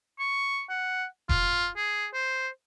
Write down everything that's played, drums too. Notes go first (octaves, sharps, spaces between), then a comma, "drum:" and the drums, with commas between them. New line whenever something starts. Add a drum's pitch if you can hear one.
C#6
F#5
F4, drum: kick E1
G#4
C5